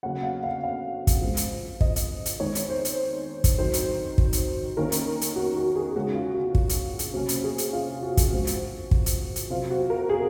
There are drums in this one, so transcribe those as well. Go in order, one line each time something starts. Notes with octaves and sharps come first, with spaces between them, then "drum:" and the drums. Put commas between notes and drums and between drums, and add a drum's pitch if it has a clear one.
C#3 F#3 A#3 C#4 F#5
F5
F5
F5
drum: kick, hi-hat
F3 G#3 C4
drum: hi-hat
D#5, drum: kick
drum: hi-hat
drum: hi-hat
D#3 G#3 C4 C#5
drum: hi-hat
C5
drum: hi-hat
drum: kick, hi-hat
D#3 F#3 C4 C5
drum: hi-hat
drum: kick
drum: hi-hat
D#3 A#3 C#4 A#4
drum: hi-hat
drum: hi-hat
F#4
F#4
G#4
C#3 G#3 C#4 F#4
F4
F#4
drum: kick
drum: hi-hat
drum: hi-hat
C3 F#3 A#3 C#4 F#4
drum: hi-hat
G#4
drum: hi-hat
F4
F#4
drum: kick, hi-hat
F3 G#3 C4
drum: hi-hat
drum: kick
drum: hi-hat
drum: hi-hat
C3 F#3 C4 F4
F#4
A#4
G#4